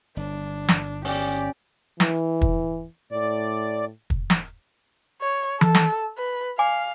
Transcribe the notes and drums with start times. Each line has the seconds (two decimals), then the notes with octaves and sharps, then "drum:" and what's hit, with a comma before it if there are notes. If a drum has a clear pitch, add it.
0.17 G1 D4
0.69 drum: snare
1.05 C#4 G4 D5, drum: open hi-hat
2.00 E3, drum: snare
2.41 drum: kick
3.12 A2 D5
4.10 drum: kick
4.30 drum: snare
5.22 C#5
5.61 A4, drum: tom E3
5.75 drum: snare
6.18 B4
6.59 D5 F5 G#5 D6